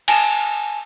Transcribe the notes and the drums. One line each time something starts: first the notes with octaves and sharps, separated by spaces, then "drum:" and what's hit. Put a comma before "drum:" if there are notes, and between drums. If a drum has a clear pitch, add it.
G#5 A5 E7, drum: cymbal